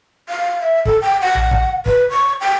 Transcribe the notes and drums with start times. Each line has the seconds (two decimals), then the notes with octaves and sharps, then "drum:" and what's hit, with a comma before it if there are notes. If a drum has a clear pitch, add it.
0.29 F5
0.60 E5
0.85 A4, drum: kick
1.02 G5
1.22 F#5
1.35 drum: tom A#1
1.51 drum: kick
1.86 B4, drum: kick
2.11 C#6
2.41 G5